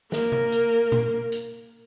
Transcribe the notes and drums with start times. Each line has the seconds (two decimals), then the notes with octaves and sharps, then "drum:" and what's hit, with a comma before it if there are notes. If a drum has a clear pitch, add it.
0.12 A#3 A#4, drum: snare
0.32 drum: tom C3
0.52 drum: hi-hat
0.92 drum: tom A#2
1.32 drum: hi-hat